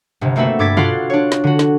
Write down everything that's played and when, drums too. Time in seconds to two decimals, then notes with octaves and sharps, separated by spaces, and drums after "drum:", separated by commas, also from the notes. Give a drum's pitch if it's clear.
0.21 G1 C3
0.36 A3 A#3 C4 F#4 B4 E5
0.59 G2 A4 D6 G#6 A6 B6
0.77 D4 F4 F#4 D5 F5 C6, drum: tom B2
1.10 D4 C#5
1.32 drum: snare
1.44 D3 F#4
1.59 drum: snare